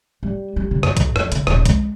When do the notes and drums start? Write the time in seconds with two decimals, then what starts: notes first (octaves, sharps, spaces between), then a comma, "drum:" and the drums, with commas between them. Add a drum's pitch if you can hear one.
0.23 G3
0.56 G3
0.71 C#3
0.83 F#2, drum: rim click
0.97 A1, drum: kick C2, hi-hat
1.16 F2, drum: rim click
1.32 C#3, drum: hi-hat
1.47 D#1, drum: rim click
1.65 G#3, drum: kick C2, hi-hat